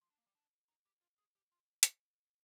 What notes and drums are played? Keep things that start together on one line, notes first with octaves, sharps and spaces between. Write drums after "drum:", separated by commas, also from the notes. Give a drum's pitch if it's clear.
F3
D4
A#3
G3
D4
D#4
G4
F4
G#4
G4
F4
drum: hi-hat